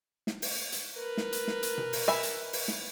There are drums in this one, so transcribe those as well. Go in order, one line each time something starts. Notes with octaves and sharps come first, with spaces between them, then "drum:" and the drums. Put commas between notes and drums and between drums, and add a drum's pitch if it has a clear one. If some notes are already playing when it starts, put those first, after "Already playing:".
drum: snare
drum: open hi-hat
drum: hi-hat
A#4 B4
drum: snare
drum: hi-hat
drum: snare
drum: hi-hat
drum: tom B2
drum: open hi-hat
E5 G#5 B5
drum: hi-hat
drum: open hi-hat
drum: snare